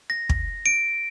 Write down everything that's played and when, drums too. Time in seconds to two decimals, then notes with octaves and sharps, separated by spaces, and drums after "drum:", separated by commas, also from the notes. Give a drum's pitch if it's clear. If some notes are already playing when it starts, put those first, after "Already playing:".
0.10 A#6
0.29 drum: kick
0.66 D7